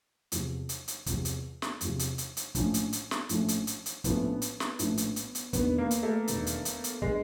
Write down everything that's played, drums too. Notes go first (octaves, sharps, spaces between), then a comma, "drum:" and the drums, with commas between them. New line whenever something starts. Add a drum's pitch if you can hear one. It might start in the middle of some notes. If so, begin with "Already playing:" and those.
E2 C3 F3, drum: hi-hat
drum: hi-hat
drum: hi-hat
E2 C3 F3, drum: kick, hi-hat
drum: hi-hat
drum: snare
E2 C3 F3, drum: hi-hat
drum: hi-hat
drum: hi-hat
drum: hi-hat
A#1 A2 F3 A3 C#4, drum: kick, hi-hat
drum: hi-hat
drum: hi-hat
drum: snare
A#1 A2 F3 A3 C#4, drum: hi-hat
drum: hi-hat
drum: hi-hat
drum: hi-hat
A#1 A2 F3 A3 B3 C#4, drum: kick, hi-hat
drum: hi-hat
drum: snare
A#1 A2 F3 A3 C#4, drum: hi-hat
drum: hi-hat
drum: hi-hat
drum: hi-hat
E1 D#2 D3 B3, drum: kick, hi-hat
A#3
drum: hi-hat
A3
E1 D#2 D3, drum: hi-hat
drum: hi-hat
drum: hi-hat
drum: hi-hat
D3 G#3, drum: kick